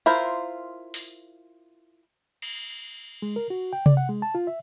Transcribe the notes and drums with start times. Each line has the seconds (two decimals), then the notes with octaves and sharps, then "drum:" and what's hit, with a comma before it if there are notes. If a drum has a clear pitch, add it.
0.06 E4 F4 A#4 C5
0.94 drum: open hi-hat
2.42 drum: cymbal
3.22 G#3
3.36 A#4
3.50 F#4
3.73 G5
3.86 D5, drum: tom C3
3.97 F#5
4.09 G#3
4.22 A5
4.35 F4
4.47 E5